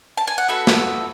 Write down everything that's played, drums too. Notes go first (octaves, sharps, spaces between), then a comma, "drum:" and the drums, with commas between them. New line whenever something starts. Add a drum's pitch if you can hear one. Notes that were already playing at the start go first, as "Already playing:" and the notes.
A5
G#5
F#5
B3 F#4 A4 E5
drum: snare